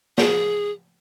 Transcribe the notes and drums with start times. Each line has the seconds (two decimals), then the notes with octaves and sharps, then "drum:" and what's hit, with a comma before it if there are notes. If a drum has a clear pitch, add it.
0.18 G#4, drum: snare